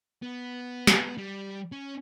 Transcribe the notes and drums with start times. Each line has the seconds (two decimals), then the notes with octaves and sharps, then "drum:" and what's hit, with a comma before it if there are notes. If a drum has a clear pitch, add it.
0.23 B3
0.87 drum: snare
1.18 G3
1.72 C#4